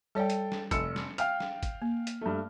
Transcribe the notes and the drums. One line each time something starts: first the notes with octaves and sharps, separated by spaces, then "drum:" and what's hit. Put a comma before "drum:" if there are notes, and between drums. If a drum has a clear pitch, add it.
G3 A4 C#5 D5 G5
drum: hi-hat
drum: snare
F1 E6 C#7, drum: kick, hi-hat
drum: snare
F5 G5 F6, drum: hi-hat
drum: snare
drum: kick, hi-hat
A#3
drum: hi-hat
G2 A3